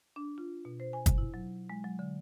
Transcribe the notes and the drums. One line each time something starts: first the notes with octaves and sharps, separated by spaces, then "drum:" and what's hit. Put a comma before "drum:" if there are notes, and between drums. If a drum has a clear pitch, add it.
D4
F4
B2
C5
G#5
drum: kick, hi-hat
E4
F#3
G#3
F#3
D3